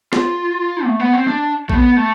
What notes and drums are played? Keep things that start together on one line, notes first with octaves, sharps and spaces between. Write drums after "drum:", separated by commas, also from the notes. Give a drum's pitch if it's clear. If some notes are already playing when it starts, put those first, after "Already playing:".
F4, drum: snare
A3
B3
C4
D4
A3, drum: kick A#1
B3
A3